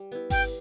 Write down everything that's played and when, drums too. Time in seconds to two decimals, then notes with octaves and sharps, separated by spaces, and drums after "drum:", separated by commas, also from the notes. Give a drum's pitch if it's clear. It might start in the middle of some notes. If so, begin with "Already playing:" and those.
Already playing: G3
0.12 B3 E4
0.30 G3 G5, drum: kick G#1, open hi-hat